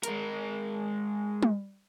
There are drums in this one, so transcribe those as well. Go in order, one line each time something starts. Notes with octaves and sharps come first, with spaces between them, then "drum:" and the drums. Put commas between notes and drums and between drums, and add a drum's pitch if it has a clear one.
G#3 A#4, drum: hi-hat
drum: tom G3